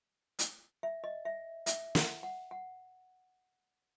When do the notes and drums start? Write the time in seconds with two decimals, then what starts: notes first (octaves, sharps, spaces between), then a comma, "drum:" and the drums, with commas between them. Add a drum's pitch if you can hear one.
0.39 drum: hi-hat
0.83 E5
1.04 D#5
1.25 E5
1.66 E5, drum: hi-hat
1.95 F#5, drum: snare
2.23 F#5
2.51 F#5